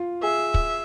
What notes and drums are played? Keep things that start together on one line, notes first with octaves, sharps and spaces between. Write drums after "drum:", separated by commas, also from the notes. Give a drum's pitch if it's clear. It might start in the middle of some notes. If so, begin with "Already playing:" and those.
Already playing: F4
G#4 E5
drum: kick